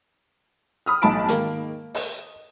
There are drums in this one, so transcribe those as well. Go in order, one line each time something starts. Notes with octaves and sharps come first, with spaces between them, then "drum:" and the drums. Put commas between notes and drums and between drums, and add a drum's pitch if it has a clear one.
B5 D#6 F6
B1 A2 A5 B5 D7
G#2 D#3 A#3, drum: hi-hat
D#5, drum: open hi-hat